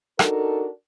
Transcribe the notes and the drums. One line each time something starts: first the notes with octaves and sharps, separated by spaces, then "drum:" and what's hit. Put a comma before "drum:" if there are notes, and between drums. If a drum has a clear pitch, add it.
D4 D#4 F#4 A4 A#4, drum: rim click